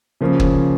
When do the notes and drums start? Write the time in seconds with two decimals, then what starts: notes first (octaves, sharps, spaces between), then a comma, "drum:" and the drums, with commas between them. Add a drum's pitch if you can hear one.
0.21 C#3 F3 A#3 C#4
0.40 drum: kick